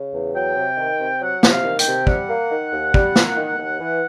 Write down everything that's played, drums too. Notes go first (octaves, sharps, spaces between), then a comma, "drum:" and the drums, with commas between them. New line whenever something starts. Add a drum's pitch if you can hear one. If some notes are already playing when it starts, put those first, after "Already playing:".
Already playing: C#3
E2
F#3 G5
C3
D#3
C3
F#3 F#5
C3, drum: snare
F5
D#3
G5, drum: hi-hat
C3
G3 F#5, drum: kick
A#3
D#3
D#2
G3, drum: kick
A#3, drum: snare
D#3
D#2
E3